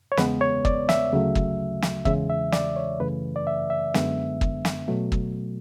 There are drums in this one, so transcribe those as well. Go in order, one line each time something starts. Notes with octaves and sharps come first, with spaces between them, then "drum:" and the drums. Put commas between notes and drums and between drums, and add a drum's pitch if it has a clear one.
C#5
E2 C#3 G#3 B3 B4, drum: snare
C#5
D5, drum: kick
E5, drum: snare
D2 C#3 F#3 A3
drum: kick
drum: snare
E2 C#3 E3 G#3 E5, drum: kick
E5
D5, drum: snare
C#5
F#2 C#3 E3 A3 B4
D5
E5
E5
F#2 D3 G#3 B3, drum: snare
drum: kick
drum: snare
B2 F#3 A3
drum: kick